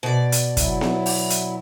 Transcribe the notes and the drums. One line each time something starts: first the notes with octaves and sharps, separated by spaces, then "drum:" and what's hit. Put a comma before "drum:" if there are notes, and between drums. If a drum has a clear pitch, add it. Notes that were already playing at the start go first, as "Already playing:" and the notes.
B2 D5
drum: hi-hat
F#3 E4, drum: kick, hi-hat
drum: snare B3
drum: open hi-hat
drum: hi-hat